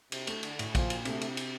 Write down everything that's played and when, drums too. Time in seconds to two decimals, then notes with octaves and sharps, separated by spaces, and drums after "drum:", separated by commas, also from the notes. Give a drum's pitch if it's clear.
0.12 C3, drum: cymbal
0.27 A3, drum: cymbal
0.43 D3, drum: cymbal
0.59 A2, drum: cymbal
0.75 A#2 F3, drum: kick A#1, cymbal
0.90 drum: cymbal
1.05 C3 A3, drum: cymbal
1.21 drum: cymbal
1.37 drum: cymbal